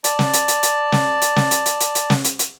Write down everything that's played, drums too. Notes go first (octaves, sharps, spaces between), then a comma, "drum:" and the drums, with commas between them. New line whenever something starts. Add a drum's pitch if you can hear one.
D5 A5, drum: hi-hat
drum: snare
drum: hi-hat
drum: hi-hat
drum: hi-hat
drum: snare
drum: hi-hat
drum: snare
drum: hi-hat
drum: hi-hat
drum: hi-hat
drum: hi-hat
drum: snare
drum: hi-hat
drum: hi-hat